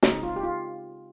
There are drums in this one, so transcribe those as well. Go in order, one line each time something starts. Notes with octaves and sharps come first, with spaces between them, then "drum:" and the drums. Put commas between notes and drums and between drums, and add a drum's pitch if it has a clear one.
C#3 G#3 C4 D#4, drum: snare
F4
G4
F4